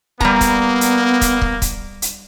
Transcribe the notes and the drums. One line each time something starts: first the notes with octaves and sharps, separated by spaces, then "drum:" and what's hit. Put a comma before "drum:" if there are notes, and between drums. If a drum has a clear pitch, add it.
G3 A#3 B3 A#5, drum: kick
drum: kick, hi-hat
drum: hi-hat
drum: kick, hi-hat
drum: kick
drum: kick, hi-hat
drum: hi-hat